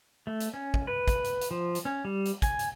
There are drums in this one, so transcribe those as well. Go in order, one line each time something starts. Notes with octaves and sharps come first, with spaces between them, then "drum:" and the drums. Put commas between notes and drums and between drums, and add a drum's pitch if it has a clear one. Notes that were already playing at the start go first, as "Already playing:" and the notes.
A3
drum: hi-hat
C#4
drum: kick
B4
drum: kick, hi-hat
drum: hi-hat
drum: hi-hat
F3
drum: hi-hat
C#4
G3
drum: hi-hat
G#5, drum: kick, hi-hat
drum: hi-hat